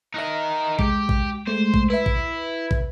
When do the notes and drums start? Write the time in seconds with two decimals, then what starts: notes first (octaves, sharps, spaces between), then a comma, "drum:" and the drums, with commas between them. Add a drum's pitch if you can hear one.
0.14 D#4 A#4 E5 F#6
0.79 G#3 G4, drum: kick
1.09 drum: kick
1.47 G#3 A3 C5
1.74 drum: kick
1.90 E4 B4 E5
2.06 drum: kick
2.71 drum: kick